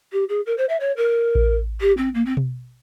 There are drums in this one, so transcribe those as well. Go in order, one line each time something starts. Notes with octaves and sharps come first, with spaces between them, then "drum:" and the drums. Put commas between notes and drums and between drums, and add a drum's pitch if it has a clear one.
G4
G#4
A#4
C5
E5
C#5
A#4
drum: kick A1
G4
C4
A#3
C4
drum: tom B2